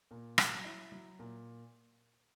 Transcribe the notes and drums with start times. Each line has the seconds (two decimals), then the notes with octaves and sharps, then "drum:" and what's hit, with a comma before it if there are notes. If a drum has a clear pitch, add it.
0.11 A#2
0.38 F#3, drum: rim click
0.64 E4
0.92 F#3
1.19 A#2